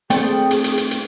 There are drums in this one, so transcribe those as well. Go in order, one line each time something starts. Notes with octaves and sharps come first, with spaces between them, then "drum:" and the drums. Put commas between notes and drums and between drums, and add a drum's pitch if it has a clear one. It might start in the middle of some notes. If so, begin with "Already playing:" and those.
A3 C4 G#4 D5 G5, drum: hi-hat
drum: hi-hat
drum: hi-hat
drum: hi-hat
drum: hi-hat